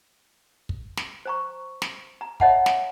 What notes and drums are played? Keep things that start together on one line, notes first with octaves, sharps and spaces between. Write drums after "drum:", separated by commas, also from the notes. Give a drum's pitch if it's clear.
drum: kick
drum: snare
C5 A#5 C#6
drum: snare
A#5
C#5 D#5 E5 F#5 A5 B5, drum: kick
drum: snare